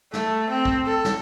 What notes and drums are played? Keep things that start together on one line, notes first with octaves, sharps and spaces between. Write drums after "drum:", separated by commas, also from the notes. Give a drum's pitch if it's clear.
A3, drum: snare
C4
drum: kick
A4
drum: snare